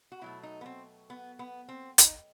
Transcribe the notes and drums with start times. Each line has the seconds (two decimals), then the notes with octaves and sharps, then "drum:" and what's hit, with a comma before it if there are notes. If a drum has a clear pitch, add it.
0.12 F#4
0.21 B2 F#3 A3 E4
0.43 D#4
0.61 B3
0.66 C4
1.10 B3
1.39 B3
1.68 C4
1.98 D#4, drum: hi-hat